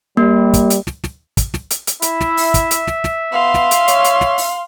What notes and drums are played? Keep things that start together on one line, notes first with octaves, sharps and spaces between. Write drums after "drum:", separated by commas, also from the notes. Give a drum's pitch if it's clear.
G3 A#3
drum: kick, hi-hat
drum: hi-hat
drum: snare
drum: snare
drum: kick, hi-hat
drum: snare
drum: hi-hat
drum: hi-hat
E4 E5, drum: hi-hat
drum: snare
drum: open hi-hat
drum: kick, hi-hat
drum: hi-hat
drum: snare
drum: snare
B3 F5 C6
drum: snare
drum: hi-hat
C#5, drum: hi-hat
drum: hi-hat
drum: snare
drum: open hi-hat